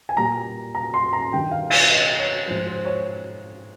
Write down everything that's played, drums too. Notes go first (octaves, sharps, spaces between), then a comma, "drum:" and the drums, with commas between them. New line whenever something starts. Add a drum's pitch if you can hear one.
G#5
A#2 G3 A#5
A#5
C6
A#5
G2 D#3 G3 G5
F5
F5, drum: cymbal
D#5
C#5
G#2 F3 C5
C5
C#5